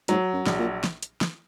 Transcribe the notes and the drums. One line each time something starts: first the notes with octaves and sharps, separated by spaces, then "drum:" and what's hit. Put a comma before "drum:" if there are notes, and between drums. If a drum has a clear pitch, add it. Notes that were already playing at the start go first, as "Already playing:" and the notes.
G#2 F#3, drum: hi-hat
F#2
A#1, drum: snare
A#2
drum: snare
drum: hi-hat
drum: snare